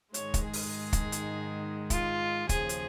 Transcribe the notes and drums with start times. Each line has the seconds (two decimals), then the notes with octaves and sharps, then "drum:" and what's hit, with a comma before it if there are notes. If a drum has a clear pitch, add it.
0.14 G#2 D#3 G#3 C#5, drum: hi-hat
0.34 drum: kick, hi-hat
0.43 G#4
0.53 drum: open hi-hat
0.93 drum: kick, hi-hat
1.12 drum: hi-hat
1.90 F4, drum: kick, hi-hat
2.49 D#2 C#3 F3 G#4, drum: kick, hi-hat
2.69 drum: hi-hat